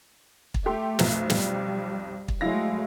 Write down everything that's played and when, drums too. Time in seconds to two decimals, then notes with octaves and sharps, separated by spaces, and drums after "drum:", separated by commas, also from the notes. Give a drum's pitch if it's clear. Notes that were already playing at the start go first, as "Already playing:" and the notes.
0.54 drum: kick
0.66 A3 G4 A4 C6
0.99 B1 F2, drum: snare
1.30 G3, drum: snare
2.28 drum: kick
2.41 F#3 G#3 A3 E4 F5 A#6